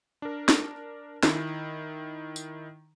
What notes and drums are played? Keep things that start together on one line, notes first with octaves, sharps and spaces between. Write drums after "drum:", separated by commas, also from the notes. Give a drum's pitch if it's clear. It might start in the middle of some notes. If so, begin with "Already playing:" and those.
D4 A#4
drum: snare
D#3 E4, drum: snare
drum: tambourine